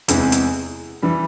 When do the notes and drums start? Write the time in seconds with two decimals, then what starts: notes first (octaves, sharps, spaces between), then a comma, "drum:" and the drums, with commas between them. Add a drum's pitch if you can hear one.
0.08 E2 C3 E3 G#3, drum: hi-hat
0.32 drum: hi-hat
1.02 E3 G3